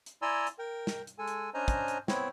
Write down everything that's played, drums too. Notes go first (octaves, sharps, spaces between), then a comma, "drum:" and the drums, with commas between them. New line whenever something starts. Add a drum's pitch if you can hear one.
drum: hi-hat
E4 D5 G#5 A#5 C6 E6
drum: hi-hat
A#4 G5
drum: snare
drum: hi-hat
G#3 A4 G#5
drum: hi-hat
C#4 D4 C5 D#5 G#5 A#5
drum: kick, hi-hat
drum: hi-hat
B3 C4 E4 C5 C#5 G5, drum: snare